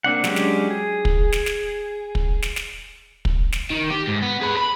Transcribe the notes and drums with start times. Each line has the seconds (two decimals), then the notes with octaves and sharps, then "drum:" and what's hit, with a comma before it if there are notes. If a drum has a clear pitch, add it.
0.04 A#3 C4 D4 F#5
0.24 F#3 G#3 C#4 D4 G4, drum: snare
0.36 drum: snare
0.70 G#4
1.05 drum: kick
1.32 drum: snare
1.46 drum: snare
2.15 drum: kick
2.42 drum: snare
2.56 drum: snare
3.25 drum: kick
3.52 drum: snare
3.70 D#3
3.90 G4
4.07 G#2
4.22 B3
4.41 G#4 B4
4.57 B5